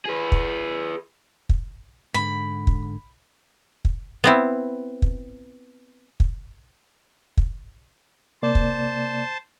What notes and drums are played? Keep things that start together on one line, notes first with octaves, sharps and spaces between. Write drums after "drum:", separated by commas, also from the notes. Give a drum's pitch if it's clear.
G#4 B4
drum: kick
drum: kick
G#2 D3 B5
drum: kick
drum: kick
B3 C4 E4
drum: kick
drum: kick
drum: kick
C3 A#3 C5 D5 A5
drum: kick